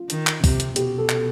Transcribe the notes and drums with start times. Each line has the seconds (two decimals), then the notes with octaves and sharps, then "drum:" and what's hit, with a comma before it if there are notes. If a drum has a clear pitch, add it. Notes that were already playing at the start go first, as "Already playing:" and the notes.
Already playing: F4
0.10 D#3, drum: hi-hat
0.27 drum: clap
0.44 C3, drum: kick, open hi-hat
0.60 drum: hi-hat
0.76 B2 G4, drum: hi-hat
0.98 A4
1.09 drum: clap